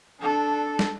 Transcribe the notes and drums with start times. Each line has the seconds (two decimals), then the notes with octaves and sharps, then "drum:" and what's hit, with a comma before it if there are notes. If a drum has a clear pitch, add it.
0.20 D4 A4
0.79 drum: snare